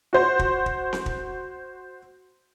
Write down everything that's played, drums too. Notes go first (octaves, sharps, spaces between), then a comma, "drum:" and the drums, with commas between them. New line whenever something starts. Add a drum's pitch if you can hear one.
F#4 C5
drum: kick
drum: kick
drum: snare C4
drum: kick